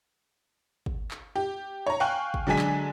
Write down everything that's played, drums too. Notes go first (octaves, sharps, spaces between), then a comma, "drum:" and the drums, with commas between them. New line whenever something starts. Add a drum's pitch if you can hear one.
drum: kick
drum: clap
G4
C#5 A#5
F5 G5 G#5 C#6 F#6
drum: kick
D3 F#3 G#3 D4 G#5 B6
drum: clap